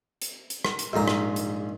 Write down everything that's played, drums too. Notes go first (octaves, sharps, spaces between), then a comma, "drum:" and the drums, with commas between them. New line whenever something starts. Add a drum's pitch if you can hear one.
drum: hi-hat
drum: hi-hat
drum: rim click
drum: hi-hat
A#1 G#2 A#5
drum: rim click
drum: hi-hat